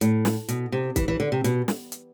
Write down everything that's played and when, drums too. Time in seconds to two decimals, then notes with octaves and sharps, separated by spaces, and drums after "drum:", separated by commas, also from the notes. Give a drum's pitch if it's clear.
0.01 A2, drum: hi-hat
0.25 drum: snare
0.49 B2, drum: hi-hat
0.72 C3
0.96 E3, drum: kick, hi-hat
1.08 E3
1.20 D3
1.32 C3
1.44 B2, drum: hi-hat
1.68 drum: snare
1.92 drum: hi-hat